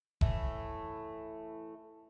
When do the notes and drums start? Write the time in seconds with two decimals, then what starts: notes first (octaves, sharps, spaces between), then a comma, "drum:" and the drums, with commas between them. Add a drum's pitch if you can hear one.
0.21 A2 E3 A3, drum: kick F1